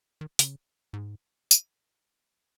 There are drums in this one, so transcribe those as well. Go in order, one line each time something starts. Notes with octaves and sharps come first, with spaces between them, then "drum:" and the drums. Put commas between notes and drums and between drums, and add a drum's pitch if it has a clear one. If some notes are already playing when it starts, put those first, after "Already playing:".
D#3
C#3, drum: hi-hat
G#2
drum: tambourine